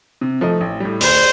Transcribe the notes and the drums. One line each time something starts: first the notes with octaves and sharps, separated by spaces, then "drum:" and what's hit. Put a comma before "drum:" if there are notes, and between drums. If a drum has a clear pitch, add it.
C3
F3 A3 D#4
A1
A2 G3
D2 C5, drum: open hi-hat